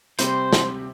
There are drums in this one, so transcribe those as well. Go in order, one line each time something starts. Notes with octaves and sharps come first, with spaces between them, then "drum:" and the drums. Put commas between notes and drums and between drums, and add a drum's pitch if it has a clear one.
C3 G3 C4 G4 C5, drum: hi-hat
drum: snare